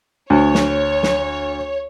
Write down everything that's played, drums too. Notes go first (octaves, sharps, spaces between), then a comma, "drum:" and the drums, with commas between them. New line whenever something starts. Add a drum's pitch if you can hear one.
D2 C#5
drum: snare
drum: snare